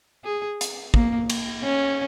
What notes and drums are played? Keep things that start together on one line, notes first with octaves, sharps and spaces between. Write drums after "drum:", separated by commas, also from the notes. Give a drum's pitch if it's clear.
G#4
drum: hi-hat
A#3, drum: kick
drum: cymbal
C#4